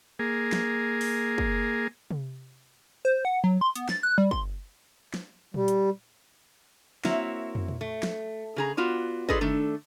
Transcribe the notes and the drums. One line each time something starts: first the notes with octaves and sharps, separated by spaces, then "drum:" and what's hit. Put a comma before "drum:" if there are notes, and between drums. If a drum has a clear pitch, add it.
A#3 G#4
drum: snare
drum: open hi-hat
drum: kick
drum: tom C3
C5
F#5
F#3
C6
B3, drum: hi-hat
A6, drum: snare
F#6
G3
C6, drum: kick
drum: snare
G3, drum: tom A#2
drum: hi-hat
A#3 C4 E4 F#4 C#5 E5, drum: snare
drum: tom
drum: tom A#2
A3
drum: snare
C#3 G#4 A#5
B3 F4 F#4 D5
F4 G#4 A4 B4 D5 D#5, drum: kick
D#3 A3 D4 A4